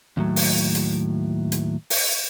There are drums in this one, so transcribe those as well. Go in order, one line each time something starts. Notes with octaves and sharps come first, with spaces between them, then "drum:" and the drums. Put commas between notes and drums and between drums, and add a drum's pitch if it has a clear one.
D#2 A2 F#3
drum: open hi-hat
drum: hi-hat
drum: hi-hat
drum: open hi-hat